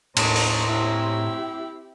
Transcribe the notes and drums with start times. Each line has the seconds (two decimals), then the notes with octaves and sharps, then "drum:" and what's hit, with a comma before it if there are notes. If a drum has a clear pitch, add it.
0.17 D#2 A2 C#4 A4 C5 D#5 A#5, drum: cymbal
0.36 drum: open hi-hat
0.70 C4 E4 G4